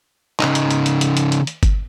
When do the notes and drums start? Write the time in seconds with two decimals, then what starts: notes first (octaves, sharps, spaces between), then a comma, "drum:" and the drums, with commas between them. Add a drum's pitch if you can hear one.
0.40 C#3 D#4, drum: clap
0.55 drum: hi-hat
0.71 drum: hi-hat
0.86 drum: hi-hat
1.01 drum: hi-hat
1.17 drum: hi-hat
1.32 drum: hi-hat
1.47 drum: hi-hat
1.63 drum: kick G1, hi-hat